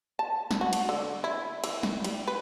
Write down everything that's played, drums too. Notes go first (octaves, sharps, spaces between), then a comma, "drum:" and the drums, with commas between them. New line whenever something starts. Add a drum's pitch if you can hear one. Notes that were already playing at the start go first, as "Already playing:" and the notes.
A5
drum: snare
F#4
drum: cymbal
D3
E4
E3, drum: cymbal
drum: snare
G3, drum: cymbal
B4